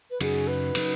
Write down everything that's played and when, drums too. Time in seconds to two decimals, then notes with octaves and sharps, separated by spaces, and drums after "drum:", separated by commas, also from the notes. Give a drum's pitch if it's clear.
0.10 B4
0.21 F#2 C#3 F#3 D#4 F#4 G#4, drum: cymbal
0.47 B4
0.75 C#3 F#3 D#4 F#4, drum: cymbal